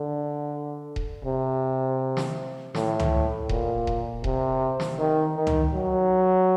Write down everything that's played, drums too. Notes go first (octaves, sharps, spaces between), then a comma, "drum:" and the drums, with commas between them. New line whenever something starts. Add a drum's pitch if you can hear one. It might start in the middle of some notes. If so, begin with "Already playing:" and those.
Already playing: D3
drum: kick D#1
C3
drum: snare
A2, drum: snare
drum: tom C#2
A#2, drum: kick D#1
drum: kick D#1
C3, drum: kick D#1
drum: snare
D#3
D#3
drum: tom C#2
F#3